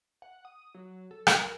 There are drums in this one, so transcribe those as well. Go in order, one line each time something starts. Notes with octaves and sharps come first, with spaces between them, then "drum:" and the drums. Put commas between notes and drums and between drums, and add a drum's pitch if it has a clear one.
F#5
D#6
F#3
A4
D4, drum: rim click
A#4